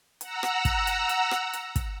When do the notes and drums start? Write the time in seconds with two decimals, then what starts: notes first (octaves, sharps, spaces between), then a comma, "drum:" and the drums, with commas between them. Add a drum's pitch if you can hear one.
0.21 F#5 A#5 E6, drum: hi-hat
0.43 drum: rim click
0.65 drum: kick, hi-hat
0.87 drum: hi-hat
1.09 drum: hi-hat
1.31 drum: rim click
1.53 drum: hi-hat
1.76 drum: kick, hi-hat